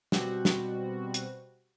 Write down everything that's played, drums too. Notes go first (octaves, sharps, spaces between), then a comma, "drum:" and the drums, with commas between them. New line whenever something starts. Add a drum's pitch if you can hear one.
B2 G3 C4 F#4, drum: snare
drum: snare
drum: hi-hat